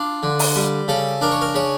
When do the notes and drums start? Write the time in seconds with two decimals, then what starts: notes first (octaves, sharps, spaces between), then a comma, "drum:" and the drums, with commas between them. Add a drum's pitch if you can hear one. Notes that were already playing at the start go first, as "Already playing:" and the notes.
Already playing: D4 F4
0.23 D3
0.39 drum: open hi-hat
0.56 G3
0.88 C#3 A4
1.21 D4 A#4
1.31 C#5
1.42 A#4
1.54 C#3 C#5